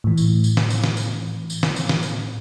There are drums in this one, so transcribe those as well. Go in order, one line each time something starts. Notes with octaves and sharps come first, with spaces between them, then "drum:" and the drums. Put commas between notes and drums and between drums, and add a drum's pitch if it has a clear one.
A2 E3
drum: tambourine
drum: tambourine
drum: snare
drum: tambourine
drum: snare
drum: tambourine
drum: tambourine
drum: snare
drum: tambourine
drum: snare
drum: tambourine